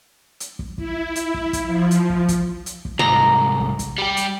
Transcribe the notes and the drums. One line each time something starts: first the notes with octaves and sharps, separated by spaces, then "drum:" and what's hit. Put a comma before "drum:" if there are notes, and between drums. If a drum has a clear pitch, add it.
drum: hi-hat
drum: kick
E4, drum: kick
drum: hi-hat
drum: kick
drum: kick, hi-hat
F3
drum: hi-hat
drum: kick
drum: kick, hi-hat
drum: hi-hat
drum: kick
C2 G#2 A#5
drum: kick
drum: kick, hi-hat
G3 G4
drum: hi-hat